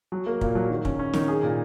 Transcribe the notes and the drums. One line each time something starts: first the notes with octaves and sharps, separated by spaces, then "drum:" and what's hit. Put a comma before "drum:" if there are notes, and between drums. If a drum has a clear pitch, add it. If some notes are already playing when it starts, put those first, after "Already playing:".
F#3
A#3
A#2, drum: kick
F#3
D#3
C#4, drum: kick
C#4
D#3, drum: snare
G#4
A#2